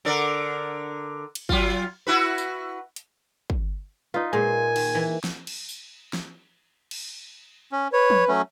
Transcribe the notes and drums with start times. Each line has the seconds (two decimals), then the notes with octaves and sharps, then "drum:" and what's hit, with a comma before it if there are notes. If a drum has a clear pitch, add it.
0.05 D3 A#4 D5
1.35 drum: cymbal
1.49 F#3 F4, drum: kick
2.07 E4 F#4 B4
2.38 drum: tambourine
2.96 drum: hi-hat
3.50 drum: kick
4.14 D#4 F4 B4
4.33 A#2 G#3 G#4 C5 G#5
4.76 D#3, drum: cymbal
4.95 E3
5.24 drum: snare
5.47 drum: cymbal
5.69 drum: tambourine
6.13 drum: snare
6.91 drum: cymbal
7.72 C#4
7.93 B4 C#5
8.10 drum: tom
8.28 F#3 A3 C#4